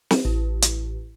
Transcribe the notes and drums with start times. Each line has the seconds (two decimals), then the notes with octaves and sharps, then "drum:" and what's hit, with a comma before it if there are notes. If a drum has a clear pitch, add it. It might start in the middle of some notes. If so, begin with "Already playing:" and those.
0.11 drum: snare
0.25 A1
0.62 drum: hi-hat